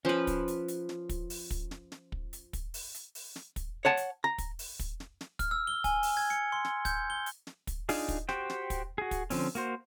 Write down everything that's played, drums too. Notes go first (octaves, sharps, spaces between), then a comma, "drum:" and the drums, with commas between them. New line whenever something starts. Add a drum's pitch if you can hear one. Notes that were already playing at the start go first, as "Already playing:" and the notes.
F3 C#4 B4 C5
drum: kick, hi-hat
drum: hi-hat
drum: hi-hat
drum: snare
drum: kick, hi-hat
drum: open hi-hat
drum: kick, hi-hat
drum: snare
drum: snare
drum: kick
drum: hi-hat
drum: kick, hi-hat
drum: open hi-hat
drum: hi-hat
drum: open hi-hat
drum: snare
drum: kick, hi-hat
C#5 F#5 A5
drum: hi-hat
A#5
drum: kick, hi-hat
drum: open hi-hat
drum: kick, hi-hat
drum: snare
drum: snare
F6, drum: kick, hi-hat
E6
G7
G#5, drum: kick, hi-hat
drum: open hi-hat
G#6
C#7
C6
drum: snare
G6, drum: kick, hi-hat
G7
drum: hi-hat
drum: snare
drum: kick, hi-hat
D4 D#4 F4 G#4, drum: open hi-hat
drum: kick, hi-hat
F#4 G4 C5 G5, drum: snare
drum: snare
drum: kick, hi-hat
F#4 G#4
drum: kick, hi-hat
D3 F3 C4 C#4, drum: open hi-hat
A#3 F#4 C5, drum: hi-hat